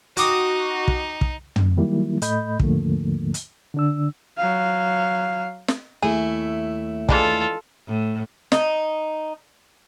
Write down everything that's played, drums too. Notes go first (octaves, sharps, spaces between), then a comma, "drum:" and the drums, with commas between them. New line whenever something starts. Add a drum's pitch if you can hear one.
D#4 F#4 G5 D6 D#6, drum: hi-hat
drum: kick
drum: kick
drum: tom
D#3 F#3 G3 A#3 E4
A2 A3 D#5 B5 G6, drum: hi-hat
D#2 G#2 D3 F3 A3 A#3, drum: kick
drum: hi-hat
D3 D4 E6
F#3 F5
drum: snare
D#2 A3 E4 G#4
E3 G#3 D4 F4 A4, drum: kick
A2
D#4, drum: snare